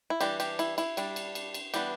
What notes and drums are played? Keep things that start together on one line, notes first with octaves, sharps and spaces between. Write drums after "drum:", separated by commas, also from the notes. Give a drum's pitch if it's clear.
E4
E3 G3 D4 G4, drum: cymbal
G4, drum: cymbal
E4, drum: cymbal
E4, drum: cymbal
G3 D4, drum: cymbal
drum: cymbal
drum: cymbal
drum: cymbal
E3 G3 B3 D4 G4, drum: cymbal